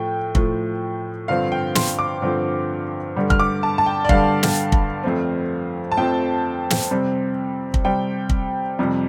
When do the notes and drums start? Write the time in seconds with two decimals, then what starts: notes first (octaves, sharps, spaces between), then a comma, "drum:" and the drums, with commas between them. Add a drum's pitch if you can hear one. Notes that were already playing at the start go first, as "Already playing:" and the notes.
Already playing: A2 F3 A3 G5
0.35 A2 F3 A3, drum: kick
1.28 G2 D3 F3 C4 F5
1.52 G5
1.75 C6, drum: snare
1.99 D6
2.22 G2 D3 F3 C4
3.16 G2 D3 G3
3.30 F6, drum: kick
3.40 D6
3.63 A5
3.78 A5
3.86 G5
4.05 D5
4.09 G2 D3 G3 F5, drum: kick
4.43 drum: snare
4.72 drum: kick
5.03 F2 F3 A3 C4
5.92 A5
5.97 F2 F3 A3 C4 G5
6.70 drum: snare
6.91 C3 G3 C4
7.74 drum: kick
7.85 C3 G3 C4 G5
8.30 drum: kick
8.79 F2 C3 G3